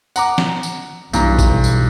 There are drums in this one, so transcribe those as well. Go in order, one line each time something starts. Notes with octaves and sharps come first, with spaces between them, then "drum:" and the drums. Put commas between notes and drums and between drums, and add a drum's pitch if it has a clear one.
F#5 A#5 D6, drum: tambourine
drum: snare
drum: tambourine
B1 G2 E3 A#5, drum: tambourine
drum: kick A1, tambourine
drum: tambourine